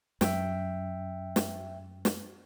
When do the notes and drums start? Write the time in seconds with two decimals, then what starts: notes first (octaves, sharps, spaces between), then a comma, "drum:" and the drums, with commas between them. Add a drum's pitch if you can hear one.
0.21 F#2 E5 G5, drum: snare
1.36 drum: snare
2.05 drum: snare